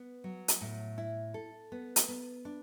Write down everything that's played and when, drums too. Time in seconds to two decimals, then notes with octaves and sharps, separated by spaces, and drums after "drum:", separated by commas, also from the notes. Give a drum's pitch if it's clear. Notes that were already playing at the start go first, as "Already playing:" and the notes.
Already playing: B3
0.24 F#3
0.48 drum: hi-hat
0.61 A2
0.98 E4
1.34 A4
1.72 B3
1.96 drum: hi-hat
2.08 B3
2.45 D4